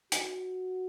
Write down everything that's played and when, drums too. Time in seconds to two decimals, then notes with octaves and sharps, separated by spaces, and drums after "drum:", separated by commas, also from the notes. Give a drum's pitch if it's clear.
0.12 F#4, drum: hi-hat